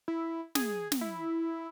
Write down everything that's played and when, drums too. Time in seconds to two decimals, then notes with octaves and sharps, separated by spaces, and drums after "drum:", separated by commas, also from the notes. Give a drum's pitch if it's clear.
0.08 E4
0.55 G#4, drum: snare
0.92 drum: snare
1.01 E4